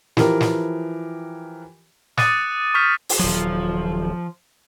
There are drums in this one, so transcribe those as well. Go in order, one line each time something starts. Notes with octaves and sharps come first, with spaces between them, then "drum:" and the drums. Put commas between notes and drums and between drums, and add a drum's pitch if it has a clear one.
E3 F3 G4 A#4, drum: snare
drum: snare
D6 D#6 F#6 A6 C#7 D#7, drum: snare
C#6 D6 F6 G6 B6 F7
drum: open hi-hat
D#1 F3 F#3